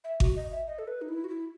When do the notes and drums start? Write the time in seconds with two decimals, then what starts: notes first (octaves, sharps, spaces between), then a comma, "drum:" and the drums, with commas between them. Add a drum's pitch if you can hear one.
0.04 E5
0.20 F#4, drum: kick G#1
0.36 D#5
0.51 E5
0.67 D#5
0.79 A4
0.87 B4
1.01 D#4
1.09 E4
1.24 F#4
1.29 E4